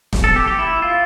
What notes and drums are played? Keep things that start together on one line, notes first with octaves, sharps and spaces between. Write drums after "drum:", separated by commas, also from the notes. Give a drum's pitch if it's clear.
drum: snare
A4
G4
G4
E4
F4